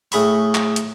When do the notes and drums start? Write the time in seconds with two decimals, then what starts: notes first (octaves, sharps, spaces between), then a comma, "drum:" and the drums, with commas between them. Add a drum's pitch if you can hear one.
0.12 A2 G#4 B5 C#6, drum: open hi-hat
0.55 drum: clap
0.76 drum: hi-hat